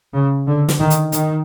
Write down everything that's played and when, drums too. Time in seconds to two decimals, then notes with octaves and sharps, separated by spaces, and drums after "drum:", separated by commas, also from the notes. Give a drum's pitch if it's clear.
0.14 C#3
0.47 D3
0.68 drum: snare
0.79 D#3
0.90 drum: hi-hat
1.12 D#3, drum: hi-hat